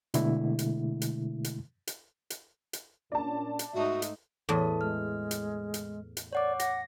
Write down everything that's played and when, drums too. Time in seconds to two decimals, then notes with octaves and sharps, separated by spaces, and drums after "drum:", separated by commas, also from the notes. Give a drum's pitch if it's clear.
0.14 B2 D3 G#3 A3 E4, drum: hi-hat
0.59 drum: hi-hat
1.02 drum: hi-hat
1.44 drum: hi-hat
1.87 drum: hi-hat
2.30 drum: hi-hat
2.73 drum: hi-hat
3.12 A#2 C#4 D4 D5 A5
3.59 drum: hi-hat
3.74 G#2 A3 D#4 F#4 E5
4.02 drum: hi-hat
4.49 E2 A2 A4 A5
4.81 G#3 F6
5.31 drum: hi-hat
5.74 drum: hi-hat
6.17 drum: hi-hat
6.33 C#5 D5 F#5 D6
6.60 F#5 A#6, drum: hi-hat